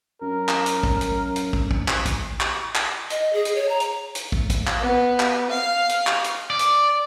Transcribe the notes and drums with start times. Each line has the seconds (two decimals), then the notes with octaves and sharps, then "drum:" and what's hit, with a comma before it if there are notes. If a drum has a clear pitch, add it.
0.22 F#2 A#4
0.49 drum: clap
0.66 drum: hi-hat
0.83 drum: kick
1.01 drum: hi-hat
1.36 drum: hi-hat
1.53 drum: kick
1.71 drum: kick
1.88 drum: clap
2.06 drum: kick, hi-hat
2.40 drum: clap
2.75 drum: clap
3.10 D#5, drum: hi-hat
3.33 G#4
3.45 drum: hi-hat
3.55 C#5
3.69 A#5
3.80 drum: hi-hat
4.15 drum: hi-hat
4.32 drum: kick
4.50 drum: kick, hi-hat
4.67 drum: clap
4.80 B3
5.20 drum: clap
5.50 F5
5.89 drum: hi-hat
6.07 drum: clap
6.24 drum: hi-hat
6.50 D5
6.59 drum: hi-hat